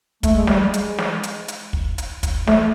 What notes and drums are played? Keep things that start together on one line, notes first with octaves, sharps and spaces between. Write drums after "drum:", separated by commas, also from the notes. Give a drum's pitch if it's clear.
A3, drum: kick, hi-hat
G#3
G3, drum: snare
G#3
drum: hi-hat
drum: snare
drum: hi-hat
drum: hi-hat
drum: kick
drum: hi-hat
drum: kick, hi-hat
A3, drum: snare